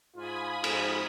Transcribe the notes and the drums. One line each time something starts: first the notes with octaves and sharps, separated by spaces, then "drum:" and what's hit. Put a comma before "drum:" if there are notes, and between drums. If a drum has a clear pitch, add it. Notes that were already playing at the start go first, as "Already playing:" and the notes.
G#2 F4 G#5 B5 D#6
F2 G#2, drum: cymbal